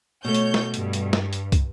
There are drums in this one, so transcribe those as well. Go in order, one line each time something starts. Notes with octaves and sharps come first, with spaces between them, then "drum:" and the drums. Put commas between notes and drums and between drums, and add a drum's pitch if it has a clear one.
B2 A3 C#5 G6
drum: hi-hat
drum: snare
G2, drum: hi-hat
drum: hi-hat
drum: snare
drum: hi-hat
drum: kick, hi-hat